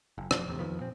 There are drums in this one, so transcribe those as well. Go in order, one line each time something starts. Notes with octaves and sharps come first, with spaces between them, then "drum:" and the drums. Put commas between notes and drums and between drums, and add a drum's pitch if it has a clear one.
F#1
F2 B2 D3 F3, drum: rim click
A1 E2 C3
F2 D#3 F3 B3
A#2 C4